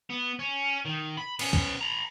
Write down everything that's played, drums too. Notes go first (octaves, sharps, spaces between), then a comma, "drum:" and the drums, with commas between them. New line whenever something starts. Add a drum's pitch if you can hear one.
B3
C#4
D#3
B5
B3 C#4, drum: cymbal
drum: kick
A#5 B5